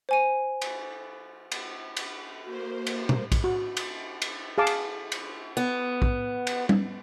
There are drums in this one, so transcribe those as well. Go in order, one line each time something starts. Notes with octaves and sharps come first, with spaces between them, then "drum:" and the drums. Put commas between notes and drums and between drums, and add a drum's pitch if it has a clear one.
C5 G#5 D#7
drum: cymbal
drum: cymbal
drum: cymbal
A#3 F#4 C5
drum: cymbal
drum: tom B2
drum: kick, cymbal
F#4
drum: cymbal
drum: cymbal
G#4 F5 A5 D6
drum: cymbal
drum: cymbal
B3
drum: kick
drum: cymbal
drum: tom G3